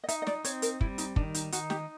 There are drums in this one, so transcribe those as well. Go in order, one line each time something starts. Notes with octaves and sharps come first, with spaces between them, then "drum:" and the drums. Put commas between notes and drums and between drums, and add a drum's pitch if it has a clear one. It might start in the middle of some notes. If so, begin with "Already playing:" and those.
D#5
D#4 E5, drum: hi-hat
D#5
D5, drum: snare
C4 C#5, drum: hi-hat
A#4, drum: hi-hat
G3 E4, drum: kick
D#4, drum: hi-hat
D#3 D4, drum: kick
D#4, drum: hi-hat
D#4 F#4, drum: hi-hat
G4, drum: snare